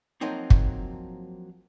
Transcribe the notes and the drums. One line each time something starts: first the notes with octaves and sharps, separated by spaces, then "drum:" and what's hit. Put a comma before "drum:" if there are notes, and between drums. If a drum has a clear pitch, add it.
F3 F#3 A#3 C4 D#4
drum: kick